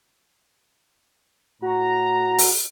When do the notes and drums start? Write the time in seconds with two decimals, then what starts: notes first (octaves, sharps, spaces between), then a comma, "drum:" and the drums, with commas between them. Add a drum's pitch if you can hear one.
1.62 A2 F#4 A#5
2.38 drum: open hi-hat